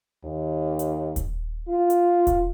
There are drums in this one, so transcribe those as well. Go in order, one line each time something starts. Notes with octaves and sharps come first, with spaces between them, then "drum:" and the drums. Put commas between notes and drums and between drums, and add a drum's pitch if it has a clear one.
D#2
drum: hi-hat
drum: kick D#1, hi-hat
F4
drum: hi-hat
drum: kick D#1, hi-hat